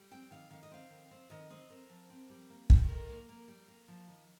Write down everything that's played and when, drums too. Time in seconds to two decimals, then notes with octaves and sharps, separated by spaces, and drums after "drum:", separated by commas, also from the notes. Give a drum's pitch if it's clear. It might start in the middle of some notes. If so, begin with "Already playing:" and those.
Already playing: G3
0.11 C4 G5
0.31 D#3 F5
0.51 D#3 F5
0.63 D#5
0.71 C4 F5
0.90 D#3
1.11 C4
1.30 D#3 D#5
1.50 C4 D#5
1.70 C4 A#4
1.89 F3
2.10 C4
2.30 G3
2.50 A#3
2.70 G3, drum: kick
2.84 G4
2.89 D#3 A#4
3.09 A#3
3.29 A#3
3.48 G3
3.68 A#3
3.88 F3
4.08 D#3